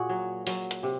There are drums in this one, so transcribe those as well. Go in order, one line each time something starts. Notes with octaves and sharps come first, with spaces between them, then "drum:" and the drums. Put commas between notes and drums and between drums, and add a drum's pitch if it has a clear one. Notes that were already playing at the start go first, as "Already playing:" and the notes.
Already playing: A#2 F#4 G#4
F#3
F#3, drum: open hi-hat
drum: hi-hat
C3